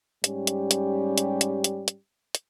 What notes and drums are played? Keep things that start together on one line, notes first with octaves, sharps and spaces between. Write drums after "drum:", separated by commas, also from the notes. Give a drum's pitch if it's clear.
G#2 G3 C#4 G4, drum: hi-hat
drum: hi-hat
drum: hi-hat
drum: hi-hat
drum: hi-hat
drum: hi-hat
drum: hi-hat
drum: hi-hat